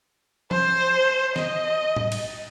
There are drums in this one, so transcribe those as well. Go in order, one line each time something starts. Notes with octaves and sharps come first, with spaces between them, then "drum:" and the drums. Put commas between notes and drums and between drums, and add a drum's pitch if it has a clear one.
C5, drum: tom F3
D#5, drum: snare
drum: tom A2
drum: cymbal